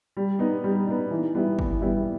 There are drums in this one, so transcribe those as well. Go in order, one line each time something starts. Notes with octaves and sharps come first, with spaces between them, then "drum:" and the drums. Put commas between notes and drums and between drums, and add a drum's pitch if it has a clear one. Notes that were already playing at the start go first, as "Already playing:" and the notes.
G3
B3 D#4
G3
B3 D#4
E3
G3 B3 E4
E3, drum: kick
G3 B3 E4